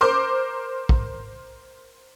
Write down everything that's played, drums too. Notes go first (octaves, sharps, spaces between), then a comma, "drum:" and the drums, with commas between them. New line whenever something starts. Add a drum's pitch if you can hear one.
A#4 C5 C6 D6
drum: kick